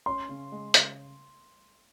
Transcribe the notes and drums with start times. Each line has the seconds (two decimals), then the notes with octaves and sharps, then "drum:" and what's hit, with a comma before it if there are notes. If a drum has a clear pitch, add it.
0.06 C#4 C6
0.29 C#3
0.52 G#3
0.74 C#3, drum: hi-hat